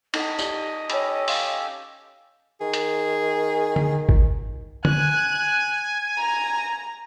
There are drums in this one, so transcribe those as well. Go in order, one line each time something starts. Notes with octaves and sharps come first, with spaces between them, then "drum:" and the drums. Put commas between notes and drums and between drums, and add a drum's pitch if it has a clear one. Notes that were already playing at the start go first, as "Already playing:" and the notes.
D#4 A4 D#5 F#5, drum: cymbal
F4 G4 D5, drum: tambourine
C#4 G4 A4 C#5 A5 B5, drum: hi-hat
F5 C6, drum: open hi-hat
D#3 G#4
drum: hi-hat
drum: tom
drum: kick G#1
G#5 F#6, drum: tom D3
A#5